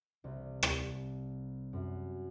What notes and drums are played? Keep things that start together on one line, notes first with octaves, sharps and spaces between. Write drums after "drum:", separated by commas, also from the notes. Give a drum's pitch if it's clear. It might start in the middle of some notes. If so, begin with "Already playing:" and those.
C2
drum: rim click
F#2